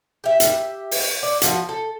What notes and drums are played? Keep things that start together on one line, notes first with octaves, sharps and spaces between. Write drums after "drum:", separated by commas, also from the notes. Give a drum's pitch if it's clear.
G4 E5
drum: hi-hat
drum: open hi-hat
D5
F3 F#4, drum: hi-hat
A4